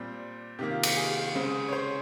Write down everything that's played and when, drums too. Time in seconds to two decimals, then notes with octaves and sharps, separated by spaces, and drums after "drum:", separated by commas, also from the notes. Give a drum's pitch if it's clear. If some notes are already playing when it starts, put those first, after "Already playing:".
Already playing: A#2 G3 C4 C5
0.59 C3 D#3 A#3 G4
0.71 F4
0.83 G4, drum: cymbal
0.96 G#4
1.35 C#3 G#3 C4
1.68 C#5
1.73 C5